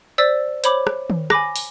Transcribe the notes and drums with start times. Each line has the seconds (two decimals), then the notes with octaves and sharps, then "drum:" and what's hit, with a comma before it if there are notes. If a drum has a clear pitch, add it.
0.18 C5 D5 E6 A6 B6
0.64 C5 C#5 B5 D6, drum: hi-hat
0.87 drum: rim click
1.10 drum: tom D#3
1.30 G#5 B5 D6 A#6, drum: rim click
1.56 drum: open hi-hat